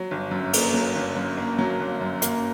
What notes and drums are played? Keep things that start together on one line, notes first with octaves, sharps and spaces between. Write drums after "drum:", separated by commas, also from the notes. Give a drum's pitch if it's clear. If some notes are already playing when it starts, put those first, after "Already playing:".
Already playing: F#3
G1
F#2
A#3, drum: cymbal
F#3
G1
F#2
A#3
F#3
G1
F#2
A#3, drum: hi-hat